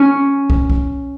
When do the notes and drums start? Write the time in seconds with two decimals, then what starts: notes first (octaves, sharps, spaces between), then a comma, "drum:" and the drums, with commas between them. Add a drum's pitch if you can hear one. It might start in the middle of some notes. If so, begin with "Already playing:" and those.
Already playing: C#4
0.50 drum: kick
0.70 drum: kick